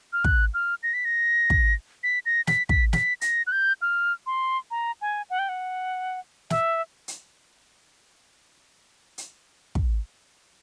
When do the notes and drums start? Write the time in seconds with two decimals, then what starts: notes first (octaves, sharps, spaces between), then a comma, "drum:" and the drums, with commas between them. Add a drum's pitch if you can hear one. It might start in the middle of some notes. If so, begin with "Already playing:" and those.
0.13 F6
0.24 F#6, drum: kick
0.54 F6
0.83 A#6
0.94 B6
1.05 A#6
1.50 drum: kick
2.03 B6
2.26 A#6
2.47 B6, drum: snare
2.69 B6, drum: kick
2.93 B6, drum: snare
3.21 A#6, drum: hi-hat
3.47 F#6
3.52 G6
3.82 F6
4.26 C6
4.71 A#5
5.01 G#5
5.30 F#5
5.39 G5
5.49 F#5
6.50 E5, drum: snare
7.08 drum: hi-hat
9.18 drum: hi-hat
9.75 drum: kick